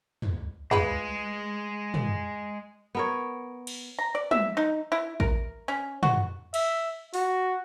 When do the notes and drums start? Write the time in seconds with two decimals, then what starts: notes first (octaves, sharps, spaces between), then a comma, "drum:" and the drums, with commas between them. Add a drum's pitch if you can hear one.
0.22 drum: tom
0.71 C#3 G#3 F4 B4, drum: tom
1.94 drum: tom
2.95 B3 A#4 C#5
3.67 drum: cymbal
3.99 A#5
4.15 D5
4.31 E5, drum: tom
4.57 D#4
4.92 E4
5.20 A#4, drum: kick
5.68 C#4
6.03 F#4, drum: tom
6.54 E5, drum: cymbal
7.14 F#4, drum: open hi-hat